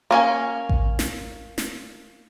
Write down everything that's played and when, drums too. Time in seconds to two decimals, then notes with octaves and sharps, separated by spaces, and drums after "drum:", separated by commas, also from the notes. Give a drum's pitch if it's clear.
0.11 A#3 C#4 G#5
0.69 drum: kick A1
0.99 drum: snare
1.58 drum: snare